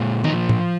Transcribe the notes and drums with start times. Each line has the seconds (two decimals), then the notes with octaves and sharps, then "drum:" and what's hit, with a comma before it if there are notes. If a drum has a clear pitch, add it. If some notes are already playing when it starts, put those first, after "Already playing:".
Already playing: A#2 G#3
0.24 F3 D#4, drum: tom
0.49 drum: tom A2